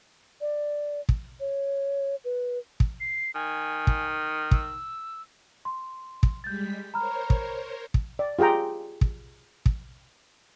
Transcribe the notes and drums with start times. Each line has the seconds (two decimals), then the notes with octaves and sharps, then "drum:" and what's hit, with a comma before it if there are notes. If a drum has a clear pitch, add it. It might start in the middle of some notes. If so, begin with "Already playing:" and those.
0.41 D5
1.09 drum: kick
1.40 C#5
2.24 B4
2.80 drum: kick
3.00 C7
3.35 D#3 G#5
3.87 drum: kick
4.51 E6, drum: kick
5.65 C6
6.23 drum: kick
6.44 G3 G#3 G6 A6 B6
6.94 A#4 C5 C#5 A#5 B5 F6
7.30 drum: kick
7.94 drum: kick
8.19 D5
8.39 F4 G4 G#4 G5 A#5
9.01 drum: kick
9.66 drum: kick